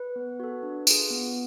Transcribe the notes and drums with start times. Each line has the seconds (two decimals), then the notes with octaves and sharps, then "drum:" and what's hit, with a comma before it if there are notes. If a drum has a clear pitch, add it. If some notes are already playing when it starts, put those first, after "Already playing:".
Already playing: B4
0.16 B3
0.40 F#4 A4
0.63 D4
0.87 F4 G#4, drum: tambourine
1.10 B3